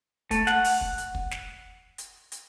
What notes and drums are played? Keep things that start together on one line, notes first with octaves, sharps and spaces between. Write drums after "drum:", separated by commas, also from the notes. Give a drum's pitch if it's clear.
A3, drum: kick, hi-hat
F#5, drum: snare
drum: open hi-hat
drum: kick
drum: hi-hat
drum: kick
drum: snare
drum: hi-hat
drum: hi-hat